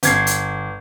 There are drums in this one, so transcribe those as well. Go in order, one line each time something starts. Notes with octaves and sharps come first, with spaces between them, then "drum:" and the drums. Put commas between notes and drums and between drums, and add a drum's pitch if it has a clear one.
G1 G#6 C7, drum: hi-hat
drum: hi-hat